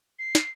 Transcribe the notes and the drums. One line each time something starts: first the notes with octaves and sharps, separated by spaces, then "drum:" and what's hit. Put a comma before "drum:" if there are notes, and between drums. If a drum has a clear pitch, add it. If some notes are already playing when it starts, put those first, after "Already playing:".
C7
drum: snare